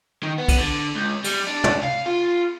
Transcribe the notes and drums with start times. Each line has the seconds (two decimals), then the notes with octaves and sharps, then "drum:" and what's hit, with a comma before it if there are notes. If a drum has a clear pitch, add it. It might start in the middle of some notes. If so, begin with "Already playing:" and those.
0.23 D#3
0.38 B3
0.48 drum: kick, cymbal
0.58 D3
0.96 C#2
1.24 G3, drum: cymbal
1.47 D4
1.64 drum: tom
1.83 F5
2.06 F4